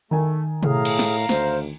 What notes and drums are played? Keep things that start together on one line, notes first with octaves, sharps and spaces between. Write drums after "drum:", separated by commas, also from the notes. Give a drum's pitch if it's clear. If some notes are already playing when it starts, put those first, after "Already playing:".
D#3 A3 G#5
A2 G#4 F5 A#5, drum: tom
drum: cymbal
drum: snare
D2 C5, drum: snare